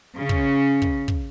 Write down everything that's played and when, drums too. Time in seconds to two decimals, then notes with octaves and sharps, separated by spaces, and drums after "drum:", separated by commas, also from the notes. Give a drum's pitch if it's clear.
0.16 C#3 C#4
0.29 drum: kick
0.82 drum: kick
1.08 drum: kick